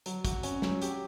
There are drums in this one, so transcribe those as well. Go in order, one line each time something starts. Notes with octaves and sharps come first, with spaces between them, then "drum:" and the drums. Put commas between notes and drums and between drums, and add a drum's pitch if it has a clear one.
F#3, drum: hi-hat
F#4, drum: kick, hi-hat
C#4, drum: hi-hat
F#3, drum: snare
G4, drum: hi-hat